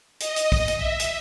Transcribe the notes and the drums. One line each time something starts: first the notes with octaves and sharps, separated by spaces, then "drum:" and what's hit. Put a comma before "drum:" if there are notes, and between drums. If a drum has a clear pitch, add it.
D#5, drum: hi-hat
drum: hi-hat
drum: kick, open hi-hat
drum: hi-hat
E5
drum: hi-hat